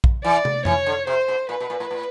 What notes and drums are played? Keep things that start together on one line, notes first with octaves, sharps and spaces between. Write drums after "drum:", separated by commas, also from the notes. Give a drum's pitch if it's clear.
drum: kick A#1
E3 D5
drum: tom
E3 C#5, drum: tom F2
D3
C3 C5
B2
A#2 B4
B2
A#2
A2
A2